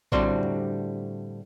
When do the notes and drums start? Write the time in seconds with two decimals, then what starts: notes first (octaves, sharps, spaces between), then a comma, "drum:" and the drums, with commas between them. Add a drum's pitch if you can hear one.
0.12 A2 D3 G3 C4 F#4 C6, drum: kick A#1
0.43 drum: tom E2